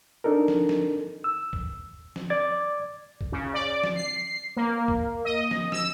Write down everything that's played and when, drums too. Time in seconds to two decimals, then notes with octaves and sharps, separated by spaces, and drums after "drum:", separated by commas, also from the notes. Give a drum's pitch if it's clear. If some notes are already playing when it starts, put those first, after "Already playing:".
0.24 D4 D#4 A4 A#4
0.48 drum: snare
0.69 drum: snare
1.24 E6
1.53 drum: kick
2.16 drum: snare
2.30 D5 D6 G#6 A6
3.21 drum: kick
3.32 C#3
3.54 D5
3.84 drum: snare
3.96 C7
4.56 A#3
4.88 drum: kick
5.25 D#5
5.51 drum: snare
5.72 E6, drum: snare